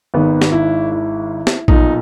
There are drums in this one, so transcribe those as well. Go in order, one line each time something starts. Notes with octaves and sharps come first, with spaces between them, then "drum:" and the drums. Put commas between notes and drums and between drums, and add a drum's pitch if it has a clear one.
G#1 G#2 D#3 B3
drum: snare
E4
E4
drum: snare
B1 A#2 D#4, drum: kick A#1